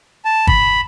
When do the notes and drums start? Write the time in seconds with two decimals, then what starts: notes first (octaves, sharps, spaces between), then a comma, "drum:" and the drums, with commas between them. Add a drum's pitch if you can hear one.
0.25 A5
0.47 B5, drum: kick